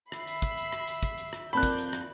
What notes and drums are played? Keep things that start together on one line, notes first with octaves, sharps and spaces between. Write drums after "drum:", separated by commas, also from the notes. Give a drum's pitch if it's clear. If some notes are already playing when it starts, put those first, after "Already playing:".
E5 B5 C7, drum: rim click
drum: hi-hat
drum: kick, hi-hat
drum: hi-hat
drum: rim click
drum: hi-hat
drum: kick, hi-hat
drum: hi-hat
drum: rim click
F2 A#3 C4 D5 A5 B5 F#6 G6
drum: kick, hi-hat
drum: hi-hat
drum: rim click